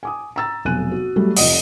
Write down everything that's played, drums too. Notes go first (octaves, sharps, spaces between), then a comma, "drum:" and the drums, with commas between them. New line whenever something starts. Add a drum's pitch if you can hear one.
G#5 D6 D#6
A#5 E6 A6
F1 B1 G#5 F#6 D#7
F#4
F#3 G3 A3
F1 F4 D#5 F#5 D#6, drum: open hi-hat